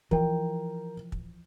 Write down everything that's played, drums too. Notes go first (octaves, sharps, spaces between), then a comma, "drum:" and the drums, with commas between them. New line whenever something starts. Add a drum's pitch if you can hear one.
E3 F3 A#4 G5, drum: kick
drum: kick